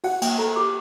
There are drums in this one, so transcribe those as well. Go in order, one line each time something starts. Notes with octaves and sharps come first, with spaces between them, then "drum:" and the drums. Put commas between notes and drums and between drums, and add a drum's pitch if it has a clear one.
F#4 F#5, drum: open hi-hat
A#3 G5, drum: cymbal
A4 A#5
G4 D6